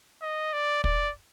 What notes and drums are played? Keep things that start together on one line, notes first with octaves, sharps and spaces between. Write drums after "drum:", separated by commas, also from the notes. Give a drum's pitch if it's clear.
D#5
D5
D5, drum: kick